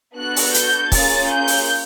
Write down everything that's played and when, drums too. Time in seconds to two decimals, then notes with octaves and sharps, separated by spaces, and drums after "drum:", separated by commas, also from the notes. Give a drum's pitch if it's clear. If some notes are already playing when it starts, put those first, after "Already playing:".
0.17 B3 D4 F#4 A4 F#6
0.36 drum: open hi-hat
0.54 G6, drum: hi-hat
0.92 A#3 C#4 F4 G#4 A6, drum: kick, open hi-hat
1.29 G6
1.47 drum: open hi-hat